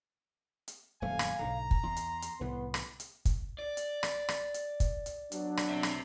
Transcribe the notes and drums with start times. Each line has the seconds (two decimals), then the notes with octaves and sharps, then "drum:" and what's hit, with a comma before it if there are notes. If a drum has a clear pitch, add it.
0.68 drum: hi-hat
1.02 D#1 F#2 A3 F5 G#5
1.19 drum: rim click
1.39 B1 G#2 D3 A#5
1.71 drum: kick
1.83 E2 C6
1.97 drum: hi-hat
2.22 drum: hi-hat
2.41 C2 A2 E3 B3
2.74 drum: rim click
3.00 drum: hi-hat
3.25 drum: kick, hi-hat
3.59 D5
3.77 drum: hi-hat
4.03 drum: rim click
4.29 drum: rim click
4.54 drum: hi-hat
4.80 drum: kick, hi-hat
5.06 drum: hi-hat
5.32 F#3 B3 D4, drum: hi-hat
5.57 drum: rim click
5.69 C4 E5
5.83 drum: rim click